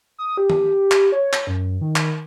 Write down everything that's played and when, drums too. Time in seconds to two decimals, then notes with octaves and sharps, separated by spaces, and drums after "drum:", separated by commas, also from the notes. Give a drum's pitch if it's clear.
0.18 D#6
0.37 G4
0.50 drum: tom D#3
0.91 drum: clap
1.12 C#5
1.33 drum: clap
1.47 F#2
1.81 D#3
1.96 drum: clap